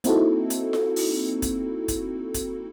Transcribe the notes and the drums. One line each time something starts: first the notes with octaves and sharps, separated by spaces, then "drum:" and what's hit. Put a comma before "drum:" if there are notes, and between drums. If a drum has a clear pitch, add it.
A#3 C4 D#4 E4 F#4 A4, drum: hi-hat
drum: hi-hat
drum: snare F4
drum: open hi-hat
drum: kick, hi-hat
drum: kick, hi-hat
drum: kick, hi-hat